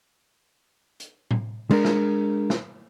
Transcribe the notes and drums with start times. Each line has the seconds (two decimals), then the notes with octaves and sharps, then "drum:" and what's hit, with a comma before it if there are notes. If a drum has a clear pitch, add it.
1.00 drum: hi-hat
1.31 drum: tom A2
1.71 G#3 D4 A#4, drum: cymbal
1.85 drum: snare
2.50 drum: snare